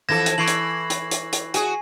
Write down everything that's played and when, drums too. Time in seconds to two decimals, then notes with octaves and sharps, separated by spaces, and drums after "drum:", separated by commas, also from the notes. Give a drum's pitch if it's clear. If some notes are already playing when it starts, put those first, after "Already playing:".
0.09 F2 E3 A4 G#6 A#6 E7
0.26 drum: hi-hat
0.38 E3 C#6 C7 F#7
0.48 drum: hi-hat
0.90 drum: hi-hat
1.11 drum: hi-hat
1.33 drum: hi-hat
1.54 F#4 G#4 G#5, drum: hi-hat